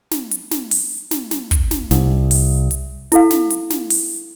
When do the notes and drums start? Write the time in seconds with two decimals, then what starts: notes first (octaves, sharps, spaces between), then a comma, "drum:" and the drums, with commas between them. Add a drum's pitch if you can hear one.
0.11 drum: snare
0.31 drum: hi-hat
0.51 drum: snare
0.71 drum: open hi-hat
1.11 drum: snare
1.31 drum: snare
1.51 drum: kick, hi-hat
1.71 drum: snare
1.91 C2, drum: snare
2.31 drum: open hi-hat
2.71 drum: hi-hat
3.12 E4 A4 F5, drum: hi-hat
3.30 drum: snare
3.50 drum: hi-hat
3.70 drum: snare
3.90 drum: open hi-hat